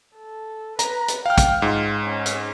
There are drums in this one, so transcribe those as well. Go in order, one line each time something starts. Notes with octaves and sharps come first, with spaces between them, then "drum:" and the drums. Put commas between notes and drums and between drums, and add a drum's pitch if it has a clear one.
A4
B4 A#5, drum: hi-hat
drum: hi-hat
F5 G5 F6
drum: kick, hi-hat
G#2 F4
C#4
drum: hi-hat